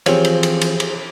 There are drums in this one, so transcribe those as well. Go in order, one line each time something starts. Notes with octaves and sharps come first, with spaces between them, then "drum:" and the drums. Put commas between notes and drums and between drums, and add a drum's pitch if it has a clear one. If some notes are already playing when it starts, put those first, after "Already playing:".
E3 F3 C4 G4 G#4 C5 C#5, drum: cymbal
drum: cymbal
drum: cymbal
drum: cymbal
drum: cymbal